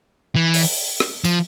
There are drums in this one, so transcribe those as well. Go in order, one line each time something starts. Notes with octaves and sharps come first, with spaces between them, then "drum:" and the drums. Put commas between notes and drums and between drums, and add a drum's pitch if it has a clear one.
E3
drum: open hi-hat
drum: rim click
F3, drum: tambourine